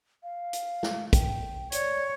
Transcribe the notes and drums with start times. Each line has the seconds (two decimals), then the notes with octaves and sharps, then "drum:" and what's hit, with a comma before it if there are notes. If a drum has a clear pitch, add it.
0.23 F5
0.53 drum: hi-hat
0.83 drum: snare
1.13 G5, drum: kick, hi-hat
1.72 C#5 D5, drum: hi-hat